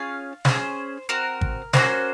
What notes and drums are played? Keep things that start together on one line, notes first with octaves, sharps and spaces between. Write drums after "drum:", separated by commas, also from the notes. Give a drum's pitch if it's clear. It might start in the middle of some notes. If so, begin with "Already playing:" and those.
Already playing: C#4 F4 G#4 F5
C#4 G#4 C5, drum: snare
C4 F#4 A#4
drum: kick
A#3 C#4 F#4 C5, drum: snare